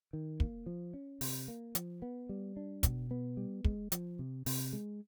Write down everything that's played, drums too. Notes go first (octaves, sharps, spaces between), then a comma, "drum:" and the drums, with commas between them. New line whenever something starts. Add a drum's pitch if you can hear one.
D#3
A#3, drum: kick
F3
C#4
C3, drum: open hi-hat
A#3
F3, drum: hi-hat
B3
G3
D4
B2, drum: kick, hi-hat
B3
G3
G#3, drum: kick
F3, drum: hi-hat
C3
C3, drum: open hi-hat
G#3